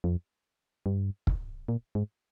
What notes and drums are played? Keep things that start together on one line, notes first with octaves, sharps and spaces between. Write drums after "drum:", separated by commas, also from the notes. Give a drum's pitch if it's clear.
F2
G2
drum: kick
A#2
G#2